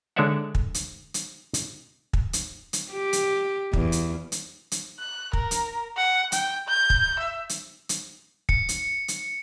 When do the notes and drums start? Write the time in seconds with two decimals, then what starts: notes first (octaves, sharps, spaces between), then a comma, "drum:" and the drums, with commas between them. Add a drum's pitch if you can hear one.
0.16 D3 G#3 C#5 D5 E5 F#5
0.55 drum: kick
0.74 drum: hi-hat
1.14 drum: hi-hat
1.54 drum: hi-hat
2.13 drum: kick
2.33 drum: hi-hat
2.73 drum: hi-hat
2.92 G4
3.13 drum: hi-hat
3.73 E2, drum: kick
3.92 drum: hi-hat
4.32 drum: hi-hat
4.72 drum: hi-hat
4.99 F#6
5.33 A#4, drum: kick
5.51 drum: hi-hat
5.97 F#5
6.32 G5, drum: hi-hat
6.67 G6
6.90 drum: kick
7.19 E5
7.49 drum: hi-hat
7.89 drum: hi-hat
8.49 C#7, drum: kick
8.69 drum: hi-hat
9.08 drum: hi-hat